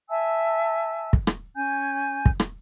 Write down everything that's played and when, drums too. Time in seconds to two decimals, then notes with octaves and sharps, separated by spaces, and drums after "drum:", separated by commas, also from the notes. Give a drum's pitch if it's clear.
0.09 E5 G#5 A5 E6
1.13 drum: kick
1.27 drum: rim click
1.55 C#4 G#5 G6
2.26 drum: kick
2.40 drum: rim click